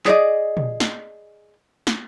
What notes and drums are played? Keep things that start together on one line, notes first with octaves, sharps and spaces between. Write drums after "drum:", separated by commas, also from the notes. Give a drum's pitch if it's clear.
G#4 D5 D#5, drum: clap
drum: tom A#2
drum: snare
drum: snare